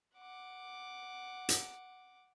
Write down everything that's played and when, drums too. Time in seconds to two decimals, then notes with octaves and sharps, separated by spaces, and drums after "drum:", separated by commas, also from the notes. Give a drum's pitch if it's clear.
0.15 F#5 D6
1.49 drum: hi-hat